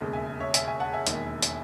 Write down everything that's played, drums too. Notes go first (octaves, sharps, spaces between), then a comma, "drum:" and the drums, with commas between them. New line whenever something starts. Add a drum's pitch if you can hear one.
E1 D#2 C#3
E5 G#5
C#5 E5
E5 G#5, drum: hi-hat
E5 G#5
F#5 A5
E5 G#5
E1 D#2 D#3, drum: hi-hat
drum: hi-hat